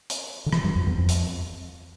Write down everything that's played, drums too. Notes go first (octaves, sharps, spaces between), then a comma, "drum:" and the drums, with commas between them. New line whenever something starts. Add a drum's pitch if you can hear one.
drum: hi-hat
D3
E3, drum: rim click
G2
F2
E2
F2
drum: hi-hat